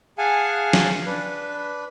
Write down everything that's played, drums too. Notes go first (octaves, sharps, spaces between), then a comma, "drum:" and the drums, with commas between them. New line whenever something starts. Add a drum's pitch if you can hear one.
G#4 F5 F#5 G#5 A5
drum: snare
D4 B4